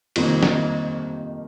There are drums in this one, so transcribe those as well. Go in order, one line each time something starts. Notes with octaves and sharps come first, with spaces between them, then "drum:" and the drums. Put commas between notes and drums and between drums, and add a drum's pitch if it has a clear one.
F2 C3 D#3 G3 A#3 C4 F4, drum: cymbal
D#4, drum: snare